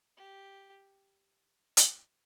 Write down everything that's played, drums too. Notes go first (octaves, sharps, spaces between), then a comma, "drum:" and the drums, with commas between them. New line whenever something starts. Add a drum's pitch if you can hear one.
G4
drum: hi-hat